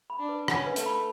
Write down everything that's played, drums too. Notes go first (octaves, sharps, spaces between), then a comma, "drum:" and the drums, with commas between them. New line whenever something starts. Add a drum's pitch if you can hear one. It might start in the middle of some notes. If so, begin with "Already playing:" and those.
B5
D4
B4
C#4 F#5, drum: rim click
B4
A3, drum: hi-hat
B5